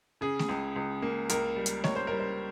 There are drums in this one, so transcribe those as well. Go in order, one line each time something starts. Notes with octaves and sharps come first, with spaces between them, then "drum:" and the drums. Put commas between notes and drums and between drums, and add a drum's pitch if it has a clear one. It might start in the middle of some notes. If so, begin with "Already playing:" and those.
C#3 G#4
drum: snare A3
C#2
C#2
A#3
C#2 A#4, drum: hi-hat
G3
drum: hi-hat
C#2 C#5, drum: snare A3
C5
G3 A#4
C5